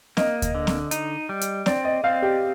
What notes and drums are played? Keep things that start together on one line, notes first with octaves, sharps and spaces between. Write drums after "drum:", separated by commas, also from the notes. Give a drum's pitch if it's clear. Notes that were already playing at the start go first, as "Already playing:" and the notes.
A#3 D#5, drum: snare C4
drum: kick D2, hi-hat
D3
drum: snare C4
D#4, drum: hi-hat
G3
drum: hi-hat
C4 D5, drum: snare C4
D#5
C4 F5
G4